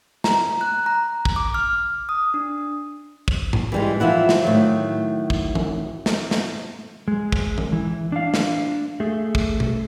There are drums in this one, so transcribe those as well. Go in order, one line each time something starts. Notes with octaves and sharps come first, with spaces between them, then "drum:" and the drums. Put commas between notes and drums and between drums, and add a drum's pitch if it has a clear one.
A#5, drum: snare
F#6
A#5
drum: kick
D6
F6
D#6
D4
drum: kick
drum: tom G#2
E3 G3 G#3
E3 F3 E4 F#5
drum: snare
A2 D#3 F#3
drum: kick
drum: tom E3
drum: snare
drum: snare
G#3
drum: kick
drum: tom E3
E3
D4 F5
drum: snare
A3 G#4
drum: kick
drum: tom B2